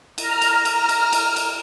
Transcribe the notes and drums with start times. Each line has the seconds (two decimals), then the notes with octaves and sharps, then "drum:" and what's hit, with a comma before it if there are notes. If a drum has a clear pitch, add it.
0.18 A#5 F6, drum: cymbal
0.41 drum: cymbal
0.65 drum: cymbal
0.89 drum: cymbal
1.13 drum: cymbal
1.36 drum: cymbal